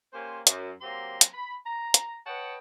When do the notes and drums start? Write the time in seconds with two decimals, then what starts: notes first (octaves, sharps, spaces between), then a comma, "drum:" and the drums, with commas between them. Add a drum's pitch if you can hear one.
0.12 A#3 C#4 G4 C5
0.47 F#2, drum: hi-hat
0.81 F#3 A#3 C4 G4 A#5 C6
1.21 drum: hi-hat
1.34 B5
1.66 A#5
1.94 drum: hi-hat
2.25 B4 C#5 D#5 F#5 G5 A5